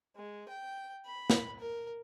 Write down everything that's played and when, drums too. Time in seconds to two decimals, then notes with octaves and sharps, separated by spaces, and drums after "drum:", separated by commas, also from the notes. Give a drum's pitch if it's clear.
0.16 G#3
0.48 G5
1.06 B5
1.30 drum: snare
1.59 A#4